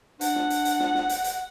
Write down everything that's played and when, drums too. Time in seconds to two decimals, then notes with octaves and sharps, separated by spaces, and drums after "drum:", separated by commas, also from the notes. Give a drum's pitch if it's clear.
0.21 D4 F#5, drum: hi-hat
0.36 drum: snare
0.50 drum: hi-hat
0.65 drum: hi-hat
0.80 drum: snare
0.95 drum: snare
1.09 drum: hi-hat
1.24 drum: hi-hat